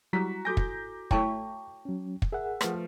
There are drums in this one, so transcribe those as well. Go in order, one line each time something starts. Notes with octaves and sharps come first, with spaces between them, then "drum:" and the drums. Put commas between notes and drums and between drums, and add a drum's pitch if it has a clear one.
F#3 G3 E4 F#4 A#5 B6
F#4 A4 G#5 D6 G6 A#6
drum: kick
A3 E4 C#5 G5 A5 C#6, drum: kick
F#3 C#4
drum: kick
G#4 A#4 E5 F#5
F3 A3 B4, drum: rim click